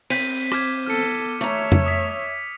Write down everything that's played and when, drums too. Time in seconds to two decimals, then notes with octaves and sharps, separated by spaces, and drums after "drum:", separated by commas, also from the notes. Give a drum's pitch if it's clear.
0.10 C4 G6 B6 D#7, drum: cymbal
0.52 D6 F6 G#6, drum: rim click
0.86 B3 A4 F6 C#7
1.41 A3 C#5 E5 A#5
1.72 drum: tom F2
1.86 D#6 B6